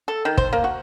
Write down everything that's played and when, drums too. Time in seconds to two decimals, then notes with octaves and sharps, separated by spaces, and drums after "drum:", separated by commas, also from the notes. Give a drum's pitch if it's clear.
0.08 A4
0.25 D#3
0.37 C5, drum: kick
0.53 A#3
0.64 F#4